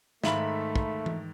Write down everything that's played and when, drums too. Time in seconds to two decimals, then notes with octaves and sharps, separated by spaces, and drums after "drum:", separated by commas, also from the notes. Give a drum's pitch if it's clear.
0.24 G#2 D#3 A3 E5 F5 B5 F#7, drum: snare
0.76 drum: kick
1.06 drum: tom E3